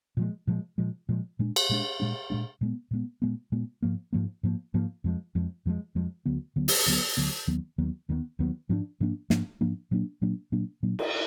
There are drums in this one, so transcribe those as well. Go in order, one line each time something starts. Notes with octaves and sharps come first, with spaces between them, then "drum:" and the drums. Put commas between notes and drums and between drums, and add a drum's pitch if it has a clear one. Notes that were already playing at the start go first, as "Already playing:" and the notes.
A#2 F3 G#3
A#2 F3 G#3
A#2 F3 G#3
A#2 F3 G#3
A#2 G#3 D4
drum: cymbal
A#2 G#3 D4
A#2 G#3 D4
A#2 G#3 D4
A#2 G#3 B3
A#2 G#3 B3
A#2 G#3 B3
A#2 G#3 B3
G#2 F3 A#3
G#2 F3 A#3
G#2 F3 A#3
G#2 F3 A#3
F2 F3 G#3
F2 F3 G#3
F2 F3 G#3
F2 F3 G#3
D2 D3 F#3 B3
D2 D3 F#3 B3
drum: open hi-hat
D2 D3 F#3 B3
D2 D3 F#3 B3
D#2 D#3 F#3 B3
D#2 D#3 F#3 B3
D#2 D#3 F#3 B3
D#2 D#3 F#3 B3
G#2 F3 A#3 D4
G#2 F3 A#3 D4
G#2 F3 A#3 D4, drum: snare
G#2 F3 A#3 D4
A#2 F#3 A#3 D4
A#2 F#3 A#3 D4
A#2 F#3 A#3 D4
A#2 F#3 A#3 D4
drum: cymbal